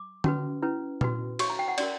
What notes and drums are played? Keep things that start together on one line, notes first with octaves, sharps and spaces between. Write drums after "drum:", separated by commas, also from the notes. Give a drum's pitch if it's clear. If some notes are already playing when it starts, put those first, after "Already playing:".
Already playing: D6
C#4 F#4 B4, drum: tom D3
C#4 E4 B4
F#4 B4, drum: tom A#2
F#4 C#5 C#6, drum: cymbal
A#5
G5
F#5
C#4 F#4 A#4 D5, drum: cymbal